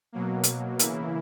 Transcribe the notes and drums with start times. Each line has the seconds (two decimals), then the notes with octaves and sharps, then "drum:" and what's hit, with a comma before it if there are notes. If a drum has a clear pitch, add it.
0.12 B2 F#3 A#3
0.44 drum: hi-hat
0.80 C#3 E3 A#3 E4, drum: hi-hat